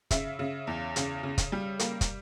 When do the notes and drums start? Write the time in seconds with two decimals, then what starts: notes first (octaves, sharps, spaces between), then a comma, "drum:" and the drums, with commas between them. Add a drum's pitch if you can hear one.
0.11 C#3 E5, drum: kick, hi-hat
0.39 C#3
0.67 E2
0.96 C#3, drum: hi-hat
1.23 C#3
1.38 drum: kick, hi-hat
1.52 G3
1.79 A#3, drum: hi-hat
2.01 drum: kick, hi-hat